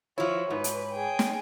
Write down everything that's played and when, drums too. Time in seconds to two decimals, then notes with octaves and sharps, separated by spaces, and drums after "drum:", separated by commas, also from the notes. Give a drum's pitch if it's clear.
0.18 F3 E4 F#4 C#5
0.50 G#2 B4
0.64 drum: hi-hat
0.92 G#4 G5
1.19 drum: snare